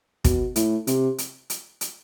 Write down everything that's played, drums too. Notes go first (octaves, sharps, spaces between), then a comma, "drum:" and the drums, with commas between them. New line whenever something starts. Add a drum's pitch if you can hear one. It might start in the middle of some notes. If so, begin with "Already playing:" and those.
B2, drum: kick, hi-hat
A2, drum: hi-hat
C3, drum: hi-hat
drum: hi-hat
drum: hi-hat
drum: hi-hat